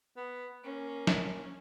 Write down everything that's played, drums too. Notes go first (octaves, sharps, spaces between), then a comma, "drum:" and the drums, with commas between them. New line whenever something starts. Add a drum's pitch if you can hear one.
B3
A#3 C#4
drum: snare